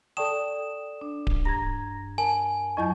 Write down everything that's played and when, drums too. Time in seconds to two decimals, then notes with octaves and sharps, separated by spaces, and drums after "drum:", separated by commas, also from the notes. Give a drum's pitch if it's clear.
0.17 A4 D5 G5 A5 C#6 D#6 E7
1.01 D4
1.27 drum: kick D1
1.45 G2 A#5 G#6 A#6
2.18 A#4 G#5 A5
2.77 F2 F#3 E4 D#5 C#6 G6